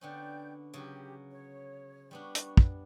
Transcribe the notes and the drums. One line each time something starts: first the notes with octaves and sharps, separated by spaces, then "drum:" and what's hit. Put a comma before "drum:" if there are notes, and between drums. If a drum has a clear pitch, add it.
D3 B3 C#4 D5 G5 G6
C#3 F#3 F#4 G4
C#5
G3 B3 D4 C#6
drum: hi-hat
drum: kick